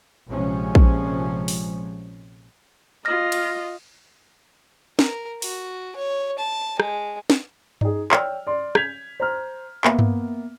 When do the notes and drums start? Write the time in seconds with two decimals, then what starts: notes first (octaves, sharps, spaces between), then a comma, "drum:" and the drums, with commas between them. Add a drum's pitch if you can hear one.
0.29 A#1 C3 F3 G#3 C#4
0.75 drum: kick
1.48 drum: open hi-hat
3.05 F4 D#5 F6 A#6
3.32 drum: cymbal
4.99 A#4, drum: snare
5.42 F#4, drum: open hi-hat
5.96 C#5
6.39 A5
6.80 G#3, drum: rim click
7.30 drum: snare
7.81 D#4 G#4, drum: tom G2
8.11 C#5 D5 G5 E6 F6, drum: clap
8.47 D5 C6
8.75 G6 G#6 B6 F7, drum: rim click
9.20 C5 A#5 F6
9.84 A#3 B3 E5, drum: clap
9.99 drum: tom G2